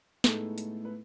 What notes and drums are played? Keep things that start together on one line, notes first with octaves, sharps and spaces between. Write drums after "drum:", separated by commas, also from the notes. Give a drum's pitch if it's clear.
A2 G#3 A3 B3 D#4 A4, drum: snare
drum: hi-hat
B4